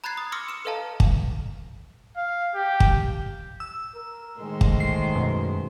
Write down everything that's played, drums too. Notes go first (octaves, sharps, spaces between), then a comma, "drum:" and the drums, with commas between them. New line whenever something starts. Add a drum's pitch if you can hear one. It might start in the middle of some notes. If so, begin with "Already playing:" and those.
A#5 B5 F#6 G#6 A6 C7
D#6
C6 D6 E6 F6 A#6 C#7
F6 C#7 E7
A4 B4 D#5 F5 A5 A#5
drum: kick
F5
G4
drum: kick
E6
A#4
A2 D#3 G#3 C5
drum: kick
C7
F#2 B2